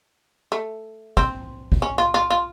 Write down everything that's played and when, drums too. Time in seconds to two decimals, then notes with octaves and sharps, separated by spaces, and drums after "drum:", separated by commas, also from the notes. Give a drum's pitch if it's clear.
0.52 A3
1.17 C4, drum: kick
1.72 drum: kick
1.82 C#4
1.98 F4
2.14 F4
2.30 F4